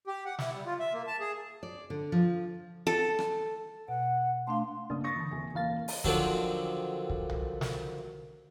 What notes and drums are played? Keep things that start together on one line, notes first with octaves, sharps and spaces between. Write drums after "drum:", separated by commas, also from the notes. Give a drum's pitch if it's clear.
G4
F#5
E4, drum: snare
G3
F4
E5
A#3
A5
G#4
D5
D3
F3
A4
drum: rim click
B2 F#5
A3 D4 F5 C6
G2 C#3 A#3 D4 D#6
C#6 D#6 A6 A#6
D3 E3
D#1 C3 G#5
D#1 E3 A#3 F5 A5 A6
drum: open hi-hat
D3 D#3 F3 F#3 C4 D4, drum: kick
drum: kick
drum: tom B1
drum: snare